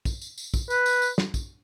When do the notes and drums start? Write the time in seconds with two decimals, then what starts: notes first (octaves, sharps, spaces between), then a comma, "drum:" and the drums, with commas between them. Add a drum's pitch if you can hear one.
0.05 drum: kick, tambourine
0.21 drum: tambourine
0.38 drum: tambourine
0.54 drum: kick, tambourine
0.70 B4, drum: tambourine
0.86 drum: tambourine
1.02 drum: tambourine
1.18 drum: snare
1.34 drum: kick, tambourine